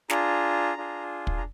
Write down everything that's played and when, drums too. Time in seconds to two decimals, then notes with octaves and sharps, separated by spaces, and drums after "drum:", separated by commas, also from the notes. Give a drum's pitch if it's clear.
0.10 D4 F4 G#4 A#5, drum: snare
0.77 D4 F4 G#4
1.27 drum: kick
1.37 A#5